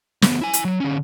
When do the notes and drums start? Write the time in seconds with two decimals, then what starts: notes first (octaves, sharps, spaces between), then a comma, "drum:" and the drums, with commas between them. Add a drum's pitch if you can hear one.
0.22 D2 B3, drum: snare
0.41 E4 G#5
0.53 drum: hi-hat
0.65 F#3
0.80 D3 C#4